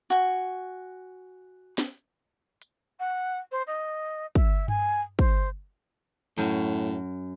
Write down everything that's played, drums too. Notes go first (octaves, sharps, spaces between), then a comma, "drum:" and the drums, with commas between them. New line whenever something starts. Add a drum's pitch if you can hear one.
F#4 G#5
drum: snare
drum: hi-hat
F#5
C5
D#5
E5, drum: kick
G#5, drum: tom G2
C5, drum: kick
F#2 A2